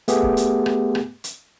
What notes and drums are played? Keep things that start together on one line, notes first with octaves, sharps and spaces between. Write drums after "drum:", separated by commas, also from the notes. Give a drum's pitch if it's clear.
A3 B3 G4 G#4, drum: hi-hat
drum: kick C#1
drum: hi-hat
drum: rim click
drum: rim click
drum: hi-hat